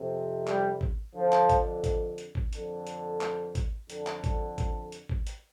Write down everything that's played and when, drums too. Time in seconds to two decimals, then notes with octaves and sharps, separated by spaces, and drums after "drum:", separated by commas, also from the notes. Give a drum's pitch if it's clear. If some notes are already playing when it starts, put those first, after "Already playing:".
Already playing: F2 C3
0.47 G3, drum: clap
0.81 drum: kick G#1
1.15 F2 D3 F3
1.32 drum: clap
1.49 drum: kick G#1, hi-hat
1.84 drum: kick G#1, hi-hat
2.18 drum: hi-hat
2.35 drum: kick G#1
2.53 F2 D3, drum: hi-hat
2.87 drum: hi-hat
3.21 drum: clap
3.55 drum: kick G#1, hi-hat
3.90 F2 D3, drum: hi-hat
4.07 drum: clap
4.24 drum: kick G#1, hi-hat
4.58 drum: kick G#1, hi-hat
4.92 drum: hi-hat
5.09 drum: kick G#1
5.27 drum: hi-hat